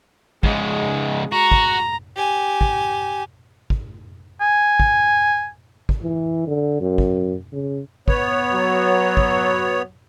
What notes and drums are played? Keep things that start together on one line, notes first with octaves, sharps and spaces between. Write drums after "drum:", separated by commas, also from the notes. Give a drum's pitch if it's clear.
G#2 C#3 G#3, drum: kick
F#4 A#5
drum: kick
G4 G#5
drum: kick
drum: kick
G#5
drum: kick
drum: kick
E3
D3
F#2
drum: kick
C#3
B3 C#5, drum: kick
F#3
drum: kick